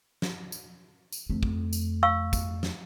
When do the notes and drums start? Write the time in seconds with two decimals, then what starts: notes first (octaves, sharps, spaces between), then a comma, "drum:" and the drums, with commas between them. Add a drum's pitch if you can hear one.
0.22 drum: snare
0.52 drum: tambourine
1.12 drum: tambourine
1.29 F2 A3
1.43 drum: kick
1.73 drum: tambourine
2.03 F5 C#6 E6
2.33 drum: kick, tambourine
2.63 drum: snare